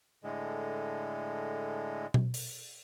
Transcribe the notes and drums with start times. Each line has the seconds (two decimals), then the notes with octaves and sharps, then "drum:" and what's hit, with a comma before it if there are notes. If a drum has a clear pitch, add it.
0.24 A2 D3 G#3
2.14 drum: tom B2
2.34 drum: open hi-hat